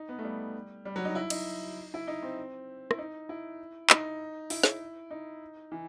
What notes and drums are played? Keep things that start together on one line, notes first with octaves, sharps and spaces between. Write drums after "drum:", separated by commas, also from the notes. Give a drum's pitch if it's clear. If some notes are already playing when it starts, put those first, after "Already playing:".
Already playing: D#4
B3
A3
G3
G3
F#3
D#4
E4
D#4, drum: cymbal
E4
D#4
C4
E4, drum: rim click
D#4
E4
D#4, drum: clap
E4, drum: open hi-hat
drum: snare
D#4
E3